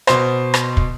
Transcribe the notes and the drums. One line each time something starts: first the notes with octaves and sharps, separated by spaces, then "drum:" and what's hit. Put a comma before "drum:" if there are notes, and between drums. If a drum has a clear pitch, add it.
B2 C5, drum: rim click
drum: rim click
drum: kick